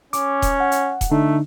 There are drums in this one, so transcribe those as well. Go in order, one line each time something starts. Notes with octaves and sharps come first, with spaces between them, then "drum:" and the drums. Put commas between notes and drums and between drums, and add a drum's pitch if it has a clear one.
C#4 D6, drum: hi-hat
drum: kick D#1, hi-hat
F#5
drum: hi-hat
drum: kick D#1, hi-hat
D3 A3 D4 D#4